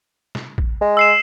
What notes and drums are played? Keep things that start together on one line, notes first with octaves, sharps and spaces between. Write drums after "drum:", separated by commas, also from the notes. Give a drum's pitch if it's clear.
drum: snare
drum: kick A1
G#3
E6 C7 E7